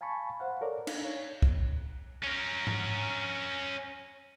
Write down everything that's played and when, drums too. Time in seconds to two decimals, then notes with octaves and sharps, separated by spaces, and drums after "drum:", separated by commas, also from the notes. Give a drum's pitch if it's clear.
0.01 F5 G#5 A5 B5 C#6
0.40 C5 F5 F#5
0.61 A4 A#4 C#5 D5
0.87 D4 D#4 F5, drum: cymbal
1.05 C#5
1.42 drum: kick C2
2.23 C#4 A#4
2.67 drum: tom G#2